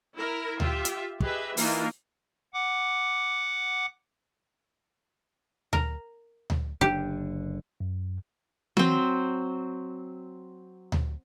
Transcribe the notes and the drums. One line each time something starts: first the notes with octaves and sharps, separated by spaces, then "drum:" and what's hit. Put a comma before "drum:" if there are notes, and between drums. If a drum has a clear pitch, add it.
E4 A#4
F4 G4 E5, drum: tom D2
drum: hi-hat
G4 G#4 B4 D#5 E5, drum: kick
E3 A#3 D#4 F4, drum: open hi-hat
F#5 D6
A#4, drum: tom D2
drum: tom D2
F#1 D3 D4 G4
F#2
F#3 C4, drum: tom E3
drum: tom D2